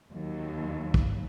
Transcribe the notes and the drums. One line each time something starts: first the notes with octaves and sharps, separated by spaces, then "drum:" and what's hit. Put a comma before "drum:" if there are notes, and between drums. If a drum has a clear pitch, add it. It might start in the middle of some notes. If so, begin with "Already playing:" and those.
D#2 F#3
drum: kick